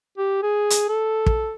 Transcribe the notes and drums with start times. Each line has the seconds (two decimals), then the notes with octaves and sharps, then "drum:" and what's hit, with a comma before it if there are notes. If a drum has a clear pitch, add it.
0.18 G4
0.43 G#4
0.70 drum: hi-hat
0.89 A4
1.26 drum: kick